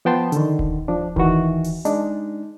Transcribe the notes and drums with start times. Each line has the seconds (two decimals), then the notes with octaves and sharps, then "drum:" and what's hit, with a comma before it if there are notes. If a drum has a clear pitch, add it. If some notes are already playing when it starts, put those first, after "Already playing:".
0.05 F3 B3 G5 A5 C6
0.32 D3 D#3, drum: hi-hat
0.59 drum: kick D#1
0.88 F3 D4
1.16 D#3 E3 F#4, drum: kick D#1
1.64 drum: open hi-hat
1.85 G#3 D4 D#4, drum: hi-hat